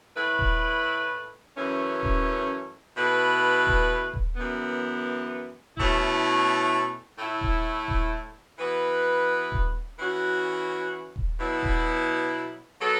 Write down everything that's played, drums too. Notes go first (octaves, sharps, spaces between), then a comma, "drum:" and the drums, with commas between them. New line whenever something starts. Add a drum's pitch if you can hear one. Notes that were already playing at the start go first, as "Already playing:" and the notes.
A2 A3 E4 B4
drum: kick D#1
F#2 E3 A3 C#4
drum: kick D#1
B2 A3 E4 B4
drum: kick D#1
drum: kick D#1
F#2 E3 B3
B2 A3 C#4 E4, drum: kick D#1
A2 A3 E4
drum: kick D#1
drum: kick D#1
E3 B3 F#4 B4
drum: kick D#1
E3 C#4 F#4
drum: kick D#1
B2 F#3 B3 E4
drum: kick D#1
F#3 B3 A4